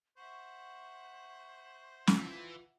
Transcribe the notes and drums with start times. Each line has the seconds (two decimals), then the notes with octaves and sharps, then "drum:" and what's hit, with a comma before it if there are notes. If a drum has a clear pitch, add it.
0.17 C5 E5 F#5 C#6
2.07 E3 F4, drum: snare